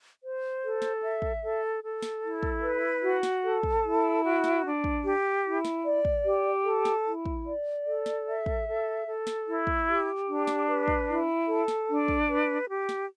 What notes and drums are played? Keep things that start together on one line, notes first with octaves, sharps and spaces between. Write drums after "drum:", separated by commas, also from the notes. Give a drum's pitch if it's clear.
C5
A4
drum: snare
E5
drum: kick
A4
A4
drum: snare
E4
drum: kick
B4
F#4
drum: snare
A4
drum: kick
E4
F#4
drum: snare
D4
drum: kick
G4
E4
drum: snare
D5
drum: kick
G4
A4
drum: snare
E4
drum: kick
D5
A4
drum: snare
E5
drum: kick
A4
A4
drum: snare
E4
drum: kick
G4
D4
drum: snare
B4
drum: kick
E4
A4
drum: snare
D4
drum: kick
B4
G4
drum: snare